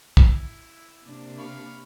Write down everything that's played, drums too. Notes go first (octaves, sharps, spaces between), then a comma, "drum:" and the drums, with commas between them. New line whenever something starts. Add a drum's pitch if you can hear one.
E4, drum: kick
C3 A#3 D4
F5 B5 C#6